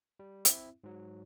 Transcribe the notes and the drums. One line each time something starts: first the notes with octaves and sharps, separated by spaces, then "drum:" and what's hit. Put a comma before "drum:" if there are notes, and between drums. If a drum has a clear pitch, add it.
G3
C4 E4 E5, drum: hi-hat
G#2 F#3